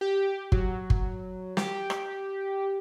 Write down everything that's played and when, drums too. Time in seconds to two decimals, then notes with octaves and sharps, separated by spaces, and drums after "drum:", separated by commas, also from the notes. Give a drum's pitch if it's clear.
0.01 G4
0.52 F#3, drum: kick G1
0.90 drum: kick G1
1.57 G4, drum: snare
1.90 drum: rim click